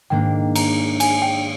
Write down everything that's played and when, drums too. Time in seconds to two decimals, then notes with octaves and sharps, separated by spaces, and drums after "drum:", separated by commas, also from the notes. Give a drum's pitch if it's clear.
0.10 G#2 D#3 A#3 D4 G5
0.55 A#5, drum: cymbal
1.00 G#5, drum: cymbal
1.22 G5